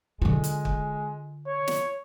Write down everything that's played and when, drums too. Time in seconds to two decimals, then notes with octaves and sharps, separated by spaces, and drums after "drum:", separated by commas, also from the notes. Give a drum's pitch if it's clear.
0.22 D3 G#3 F4
0.44 drum: hi-hat
0.65 drum: kick
1.47 C#5
1.68 drum: snare